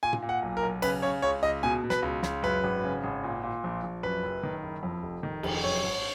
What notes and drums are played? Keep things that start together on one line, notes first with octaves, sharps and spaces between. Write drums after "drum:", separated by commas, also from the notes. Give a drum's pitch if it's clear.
A#2 G#5
drum: tom
A#2
F#5
B1
A#4
B1
C#3 B4, drum: cymbal
C#3 C#5
C#2 C#5
C#2 D#5
B2 G#5
B2
B4, drum: snare
C#2
C#2, drum: snare
F#2 B4
G#1
C#3
G#1
A#2
A#2
A#1
A#1
F#2 B4
F#1
D#3
F#1
F2
F1
D#3
F1, drum: cymbal
F#2 C#5
G#1